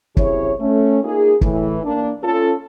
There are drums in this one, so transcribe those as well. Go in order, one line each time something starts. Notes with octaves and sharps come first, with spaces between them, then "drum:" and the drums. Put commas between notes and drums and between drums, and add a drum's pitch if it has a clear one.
F#2 C3 E4 G#4 C#5, drum: kick
A3 C#4
A#3 D#4 F4 G#4
A2 E3, drum: kick
A#3 D4
C#4 F4 A4